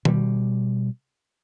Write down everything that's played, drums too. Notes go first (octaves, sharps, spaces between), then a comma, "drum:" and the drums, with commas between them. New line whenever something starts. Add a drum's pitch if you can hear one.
B2 G3, drum: tom D#3